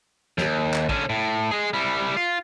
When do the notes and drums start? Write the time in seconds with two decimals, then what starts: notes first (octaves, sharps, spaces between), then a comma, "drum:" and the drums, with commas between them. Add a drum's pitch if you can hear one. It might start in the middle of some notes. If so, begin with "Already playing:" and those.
0.38 D#2, drum: snare
0.74 drum: clap
0.89 D3 C#4, drum: kick
1.10 A2
1.51 G#3 G#4
1.73 G3 E4
2.17 F4